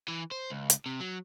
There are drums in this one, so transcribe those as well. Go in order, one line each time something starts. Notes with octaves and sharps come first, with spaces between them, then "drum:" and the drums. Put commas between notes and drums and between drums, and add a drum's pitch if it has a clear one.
E3
C5
C#2
drum: hi-hat
C3
F#3